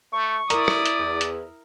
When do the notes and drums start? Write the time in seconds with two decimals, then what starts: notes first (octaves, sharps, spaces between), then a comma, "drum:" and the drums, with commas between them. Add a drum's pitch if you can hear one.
0.13 A3 C#6
0.50 E4 A#4 D5 A#5 D#6, drum: hi-hat
0.68 drum: rim click
0.86 drum: hi-hat
0.99 E2
1.21 drum: hi-hat